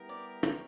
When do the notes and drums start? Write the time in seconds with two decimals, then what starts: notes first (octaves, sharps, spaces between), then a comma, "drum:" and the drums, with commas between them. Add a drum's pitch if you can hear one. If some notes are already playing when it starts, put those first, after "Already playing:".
Already playing: G3 B3 E4 G4 A#4
0.09 D5
0.43 C#5, drum: rim click